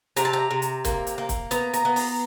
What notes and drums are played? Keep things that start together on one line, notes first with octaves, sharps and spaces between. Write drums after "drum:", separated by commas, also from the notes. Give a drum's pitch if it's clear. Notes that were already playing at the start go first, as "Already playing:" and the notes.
C3 A#5, drum: hi-hat
A5
A#5
C3
drum: hi-hat
A#3, drum: kick, hi-hat
drum: hi-hat
A#3
drum: kick, hi-hat
B3 A#5, drum: hi-hat
A#5, drum: hi-hat
B3
A#5, drum: open hi-hat